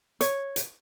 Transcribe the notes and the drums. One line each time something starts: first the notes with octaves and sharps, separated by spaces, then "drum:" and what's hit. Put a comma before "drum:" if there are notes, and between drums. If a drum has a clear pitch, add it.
C#5, drum: hi-hat
drum: hi-hat